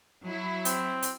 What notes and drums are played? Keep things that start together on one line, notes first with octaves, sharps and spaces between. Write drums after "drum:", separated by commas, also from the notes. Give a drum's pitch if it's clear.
F#3 E4
C4, drum: hi-hat
drum: hi-hat